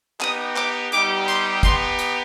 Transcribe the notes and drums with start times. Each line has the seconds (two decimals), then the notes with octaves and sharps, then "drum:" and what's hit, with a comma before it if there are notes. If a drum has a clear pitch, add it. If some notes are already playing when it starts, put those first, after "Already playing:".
0.21 B3 D#4 G4 D#6, drum: clap
0.57 D6, drum: clap
0.92 G3 B3 D#4 G4 D6, drum: hi-hat
1.28 C6, drum: hi-hat
1.63 B3 D#4 G4 C6, drum: kick, hi-hat
1.99 drum: hi-hat